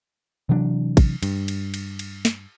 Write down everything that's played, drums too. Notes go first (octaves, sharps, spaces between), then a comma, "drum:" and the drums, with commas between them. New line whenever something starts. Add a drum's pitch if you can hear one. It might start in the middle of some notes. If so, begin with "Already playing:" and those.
C3 E3 F#3 D4
drum: kick, cymbal
G2, drum: cymbal
drum: cymbal
drum: cymbal
drum: cymbal
drum: snare